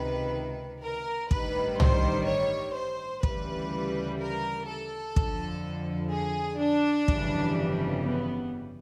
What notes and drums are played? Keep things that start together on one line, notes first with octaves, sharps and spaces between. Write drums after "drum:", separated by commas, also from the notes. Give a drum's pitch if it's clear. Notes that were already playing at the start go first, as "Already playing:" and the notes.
Already playing: C#2 C3 D#3 B4
A#4
A1 G2 D#3 G3 B4, drum: kick
C5, drum: tom C2
C#5
C5
D2 C#3 E3 G3 B4, drum: kick
A#4
A4
F2 D3 F3, drum: kick
G#4
D4
G1 F2 C#3 E3 G3, drum: kick
B3